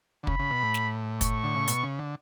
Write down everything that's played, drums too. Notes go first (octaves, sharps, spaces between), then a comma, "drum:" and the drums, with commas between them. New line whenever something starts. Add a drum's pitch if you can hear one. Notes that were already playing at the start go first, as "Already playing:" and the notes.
D3
C#3 B5, drum: kick
C#3
B2
A2
drum: snare
C#6, drum: kick, hi-hat
D3
C#3
B2, drum: hi-hat
C#3
D3